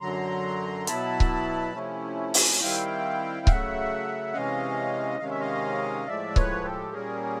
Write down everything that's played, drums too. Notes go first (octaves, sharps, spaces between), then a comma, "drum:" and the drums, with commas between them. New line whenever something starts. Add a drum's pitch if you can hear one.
F#2 D3 F#3 A#5 C6
B2 F#3 B3 E4 A5 B5, drum: hi-hat
drum: kick C#1
C3 F3 A3 C#4 E4
drum: open hi-hat
D#3 G3 C4 E4 F5 G5
C#3 F#3 A3 E5 F#5, drum: kick C#1
C3 E3 G#3 C#4 D#5 F5
C3 D#3 G#3 C#4 F5
E5
D#5 F5
A2 F3 G#3 D5 E5
B4 C#5, drum: kick C#1
G4 A4
A#2 G3 A#3 C#4 G#4 A#4